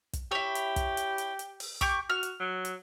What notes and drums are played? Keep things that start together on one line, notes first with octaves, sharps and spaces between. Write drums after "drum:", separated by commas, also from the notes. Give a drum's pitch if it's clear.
drum: kick, hi-hat
E4 G4 C#5
drum: hi-hat
drum: kick, hi-hat
drum: hi-hat
drum: hi-hat
drum: hi-hat
drum: open hi-hat
G4 C#6 D6, drum: kick, hi-hat
F#4 F6
drum: hi-hat
F#3
drum: hi-hat